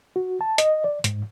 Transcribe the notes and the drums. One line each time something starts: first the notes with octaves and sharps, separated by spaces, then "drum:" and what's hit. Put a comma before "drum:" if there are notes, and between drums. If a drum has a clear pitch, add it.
F#4
A5
D#5, drum: hi-hat
D5
G#2, drum: hi-hat